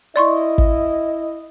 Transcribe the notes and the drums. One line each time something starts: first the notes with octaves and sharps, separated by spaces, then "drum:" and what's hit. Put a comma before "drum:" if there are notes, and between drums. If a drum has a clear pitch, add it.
E4 D5 D#5 C6 C#6
drum: kick